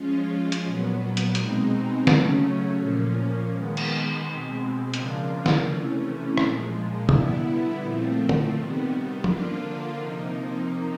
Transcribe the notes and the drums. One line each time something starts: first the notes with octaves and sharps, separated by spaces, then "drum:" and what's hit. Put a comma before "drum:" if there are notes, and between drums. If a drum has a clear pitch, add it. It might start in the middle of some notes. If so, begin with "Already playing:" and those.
Already playing: F3 G#3 C#4 F4
drum: hi-hat
A#2 F#3 B3
drum: hi-hat
B2 G#3 C4 D#4, drum: hi-hat
C#3 F#3 A3 C#4, drum: snare
A#2 F3 A#3 C#4
D#3 G#3 B3
drum: cymbal
B2 G#3 C4
C#3 F3 A#3 D4 F4, drum: hi-hat
drum: snare
C3 E3 A3 C#4
A#2 F3 G#3, drum: rim click
D3 G3 B3 E4, drum: tom C3
A#2 F3 A3 C4
drum: tom
C3 D#3 G3 B3
D3 F3 A#3 D4 F4, drum: tom
C3 F3 A#3 D#4